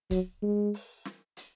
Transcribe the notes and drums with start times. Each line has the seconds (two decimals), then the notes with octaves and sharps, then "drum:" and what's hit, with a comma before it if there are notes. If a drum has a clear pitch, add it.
0.11 F#3, drum: kick C#1, hi-hat
0.42 G#3
0.74 drum: open hi-hat
1.05 drum: snare
1.37 drum: hi-hat